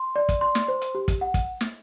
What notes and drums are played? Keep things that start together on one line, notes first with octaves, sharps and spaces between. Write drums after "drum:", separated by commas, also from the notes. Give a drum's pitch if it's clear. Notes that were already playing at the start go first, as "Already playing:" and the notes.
Already playing: C6
D5
drum: kick, hi-hat
C6
drum: snare
C5
drum: hi-hat
G4
drum: kick, hi-hat
F#5
drum: kick, hi-hat
drum: snare